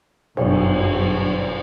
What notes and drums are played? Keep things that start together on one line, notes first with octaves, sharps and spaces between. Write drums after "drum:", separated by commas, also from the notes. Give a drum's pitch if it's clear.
G1 F#2 B2 F#3, drum: cymbal